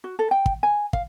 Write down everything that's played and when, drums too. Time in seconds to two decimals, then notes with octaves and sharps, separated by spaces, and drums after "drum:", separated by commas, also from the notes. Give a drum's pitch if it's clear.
0.04 F#4
0.19 A4
0.31 G5
0.46 drum: kick
0.63 G#5
0.93 F5, drum: kick